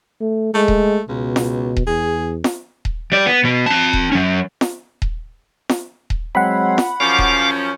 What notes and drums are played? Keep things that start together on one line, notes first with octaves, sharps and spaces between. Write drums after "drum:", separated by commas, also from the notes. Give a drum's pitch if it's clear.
A3
G#3 A3
drum: kick D#1
C#2 B2
drum: snare F4
drum: kick D#1
E2 G#4
drum: snare F4
drum: kick D#1
G3 D5
B3
B2 B3
C4 A5
drum: kick D#1
F#3 C#4
drum: snare F4
drum: kick D#1
drum: snare F4
drum: kick D#1
F#3 G#3 C4 F#5 B5
drum: snare F4
F#2 F3 C#4 F5 D6
drum: kick D#1